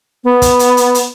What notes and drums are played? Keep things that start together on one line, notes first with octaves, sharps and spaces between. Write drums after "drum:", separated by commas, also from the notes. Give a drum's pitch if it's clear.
B3
drum: kick, hi-hat
drum: hi-hat
drum: hi-hat
drum: hi-hat